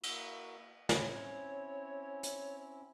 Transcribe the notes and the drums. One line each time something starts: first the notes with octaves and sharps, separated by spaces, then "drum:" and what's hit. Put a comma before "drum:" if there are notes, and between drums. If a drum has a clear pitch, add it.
A#3 E4 F#4, drum: cymbal
C4 C#4 E4 C#5, drum: snare
drum: hi-hat